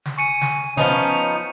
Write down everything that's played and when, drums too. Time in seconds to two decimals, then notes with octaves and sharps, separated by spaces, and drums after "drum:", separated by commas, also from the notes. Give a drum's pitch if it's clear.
0.05 drum: snare
0.18 G#5 C#6 C#7 D#7
0.41 drum: snare
0.77 F3 B3 C#4 D#4 A5, drum: snare